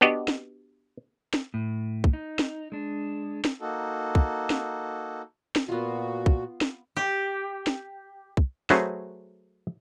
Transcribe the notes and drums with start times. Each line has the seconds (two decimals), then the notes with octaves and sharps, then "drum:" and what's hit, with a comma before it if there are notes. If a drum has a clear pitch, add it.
0.01 B3 D4 F#4 G4 D#5
0.28 drum: snare
1.34 drum: snare
1.54 A2
2.04 drum: kick
2.13 D#4
2.39 drum: snare
2.72 G#3 D4
3.45 drum: snare
3.60 A#3 D#4 F#4 A4
4.15 drum: kick
4.50 drum: snare
5.56 drum: snare
5.69 A#2 B3 F4 F#4
6.26 drum: kick
6.61 drum: snare
6.96 G4
7.67 drum: snare
8.37 drum: kick
8.70 F#3 A3 F#4 G#4 B4 C5, drum: snare